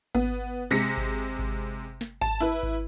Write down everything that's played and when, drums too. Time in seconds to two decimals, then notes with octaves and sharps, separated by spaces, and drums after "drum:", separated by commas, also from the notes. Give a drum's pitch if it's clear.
0.15 B3, drum: kick G#1
0.71 C3 G#3 A#6 B6 C#7
0.97 drum: kick G#1
1.39 drum: kick G#1
2.01 drum: snare
2.21 A5, drum: kick G#1
2.40 E4 B4
2.63 drum: kick G#1